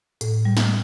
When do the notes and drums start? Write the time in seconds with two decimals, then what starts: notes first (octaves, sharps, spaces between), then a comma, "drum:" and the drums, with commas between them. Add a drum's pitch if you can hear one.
0.21 A2, drum: hi-hat
0.45 G3
0.57 drum: snare